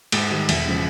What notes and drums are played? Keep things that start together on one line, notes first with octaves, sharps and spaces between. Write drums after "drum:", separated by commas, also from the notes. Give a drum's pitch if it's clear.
G#2, drum: cymbal
D#3 G3
E1, drum: cymbal
C#3 F3 G#3